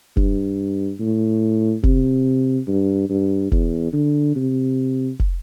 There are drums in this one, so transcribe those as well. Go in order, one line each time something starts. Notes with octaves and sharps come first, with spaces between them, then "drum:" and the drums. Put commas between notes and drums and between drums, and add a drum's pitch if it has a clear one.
G2, drum: kick
A2
C3, drum: kick
G2
G2
E2, drum: kick
D3
C3
drum: kick